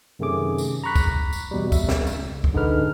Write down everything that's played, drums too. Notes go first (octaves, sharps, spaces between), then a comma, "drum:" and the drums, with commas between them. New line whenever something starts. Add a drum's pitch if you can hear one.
F#2 C3 D#3 A3 G#4 D6
drum: tambourine
A#5 B5 C#6 F#6 B6
drum: kick, tambourine
drum: tambourine
E2 B2 G3
E5, drum: kick, tambourine
drum: snare
drum: tambourine
C#2
drum: kick
G#2 D3 G#3 D#4 B4 F6